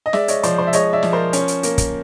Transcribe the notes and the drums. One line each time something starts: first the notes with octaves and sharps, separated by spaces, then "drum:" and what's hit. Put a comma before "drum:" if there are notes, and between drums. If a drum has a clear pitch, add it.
D#5
G#3 D5 E5, drum: snare
C#5 D#5, drum: hi-hat
F3 C5 D5, drum: hi-hat
C5 D5
E5
G#3 C#5 D#5, drum: hi-hat
D5 E5
F3, drum: snare
A#4 C5
C#4, drum: hi-hat
drum: hi-hat
A#3, drum: hi-hat
drum: kick, hi-hat